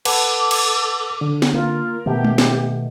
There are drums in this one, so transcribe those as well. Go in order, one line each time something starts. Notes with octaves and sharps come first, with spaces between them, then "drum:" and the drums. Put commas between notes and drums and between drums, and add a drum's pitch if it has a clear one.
A4 B4 F#5 A5 D6, drum: cymbal
drum: cymbal
D3
drum: snare
A#3 F4 A#4
B2 D#3 A3 B3 G4
drum: tom G#3
drum: snare